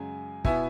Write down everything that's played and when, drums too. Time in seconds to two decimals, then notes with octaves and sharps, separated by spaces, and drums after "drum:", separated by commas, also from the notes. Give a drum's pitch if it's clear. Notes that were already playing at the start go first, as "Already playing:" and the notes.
Already playing: F#2 C#3 G#3 G#5
0.45 B2 B3 E4 E5 G#5, drum: kick